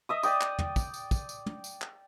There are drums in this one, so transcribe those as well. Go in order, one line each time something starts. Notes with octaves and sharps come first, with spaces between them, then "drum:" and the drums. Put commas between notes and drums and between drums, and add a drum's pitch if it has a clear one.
D#5 E5 D#6
D5 G5 D#6, drum: tambourine
drum: clap
drum: tom
drum: kick, tambourine
drum: tambourine
drum: kick, tambourine
drum: tambourine
drum: tom
drum: tambourine
drum: clap